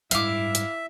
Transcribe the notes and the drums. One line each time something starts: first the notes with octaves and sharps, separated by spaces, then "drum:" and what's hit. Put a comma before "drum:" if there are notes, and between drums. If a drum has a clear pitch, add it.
G#2 G3 G#3 E4 E5 F5 D6, drum: hi-hat
drum: hi-hat